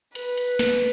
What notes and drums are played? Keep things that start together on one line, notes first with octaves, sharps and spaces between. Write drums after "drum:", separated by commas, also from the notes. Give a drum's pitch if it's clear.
B4, drum: hi-hat
drum: hi-hat
drum: snare